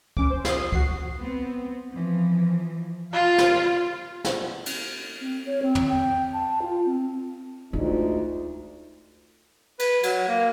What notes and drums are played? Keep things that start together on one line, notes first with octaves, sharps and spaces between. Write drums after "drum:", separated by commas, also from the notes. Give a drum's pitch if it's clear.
C#4 D6, drum: kick
C5
D#6 C7, drum: snare
F#4 C7, drum: kick
B3 C4
E3 F3
F4 F5
drum: snare
drum: snare
drum: cymbal
C4
C#5
C4
drum: tom
G5
A5
F4
C4
D2 G#3 D4 D#4 F4
B4, drum: cymbal
F#3, drum: cymbal
A#3